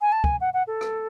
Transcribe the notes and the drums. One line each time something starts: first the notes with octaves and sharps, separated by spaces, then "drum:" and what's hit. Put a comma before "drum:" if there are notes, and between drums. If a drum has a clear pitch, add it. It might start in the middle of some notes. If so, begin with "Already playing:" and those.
G#5
A5
G#5, drum: kick
F#5
F#5
A4
drum: rim click